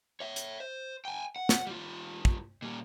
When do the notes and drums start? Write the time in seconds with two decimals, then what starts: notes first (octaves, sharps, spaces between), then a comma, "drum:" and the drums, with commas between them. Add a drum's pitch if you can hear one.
0.20 C#5 E5
0.36 drum: hi-hat
0.60 C5
1.05 G5 G#5
1.36 F#5
1.49 drum: snare
1.67 G3 F4
2.25 drum: kick
2.62 A#2 G3